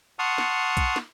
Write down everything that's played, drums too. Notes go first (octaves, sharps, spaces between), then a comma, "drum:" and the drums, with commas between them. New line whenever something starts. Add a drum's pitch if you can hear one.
F#5 A5 C6 C#6 D#6 F6
drum: snare
drum: kick B1, hi-hat
drum: snare